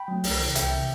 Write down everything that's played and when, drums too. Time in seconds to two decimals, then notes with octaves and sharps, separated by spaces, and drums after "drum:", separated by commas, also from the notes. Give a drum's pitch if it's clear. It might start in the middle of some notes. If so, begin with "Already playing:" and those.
Already playing: G5 B5
0.08 F#3 A3
0.24 C2, drum: open hi-hat
0.40 C3 E3
0.55 C2 E5 G5, drum: hi-hat
0.71 C3 E3